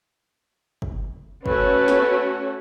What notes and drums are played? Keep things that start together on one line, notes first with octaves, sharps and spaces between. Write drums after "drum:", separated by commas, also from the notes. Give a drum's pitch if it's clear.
drum: kick
A3 C#4 F#4 B4, drum: kick
drum: snare